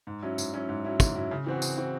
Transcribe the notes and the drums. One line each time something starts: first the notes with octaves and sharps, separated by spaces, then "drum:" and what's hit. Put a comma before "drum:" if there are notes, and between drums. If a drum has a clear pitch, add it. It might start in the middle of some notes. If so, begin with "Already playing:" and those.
G#2
F#3 C#4 E4
G#2, drum: tambourine
F#3 C#4 E4
G#2
F#3 C#4 E4
G#2, drum: kick, tambourine
F#3 C#4 E4
C#3
E3 C4 F#4
C#3, drum: tambourine
E3 C4 F#4